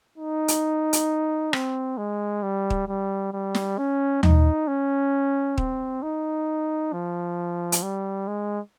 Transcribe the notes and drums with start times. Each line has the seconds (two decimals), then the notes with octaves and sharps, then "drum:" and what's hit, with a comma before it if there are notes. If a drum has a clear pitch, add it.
0.18 D#4
0.48 drum: hi-hat
0.93 drum: hi-hat
1.53 C4, drum: rim click
1.98 G#3
2.43 G3
2.70 drum: kick
2.88 G3
3.33 G3
3.55 drum: snare
3.78 C#4
4.23 D#4, drum: tom D#2
4.68 C#4
5.58 C4, drum: kick
6.03 D#4
6.93 F3
7.72 drum: hi-hat
7.83 G3
8.27 G#3